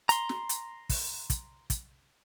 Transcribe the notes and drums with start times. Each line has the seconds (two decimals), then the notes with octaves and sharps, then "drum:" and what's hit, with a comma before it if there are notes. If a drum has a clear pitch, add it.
0.09 A#5 C6, drum: hi-hat
0.29 drum: snare
0.49 drum: hi-hat
0.89 drum: kick, open hi-hat
1.30 drum: kick, hi-hat
1.70 drum: kick, hi-hat